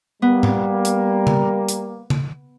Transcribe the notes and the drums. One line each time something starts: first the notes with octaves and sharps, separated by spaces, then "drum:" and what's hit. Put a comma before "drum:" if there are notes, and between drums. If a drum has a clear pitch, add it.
G3 A#3 B3
drum: tom G#2
drum: hi-hat
drum: tom C#3
drum: hi-hat
drum: tom C#3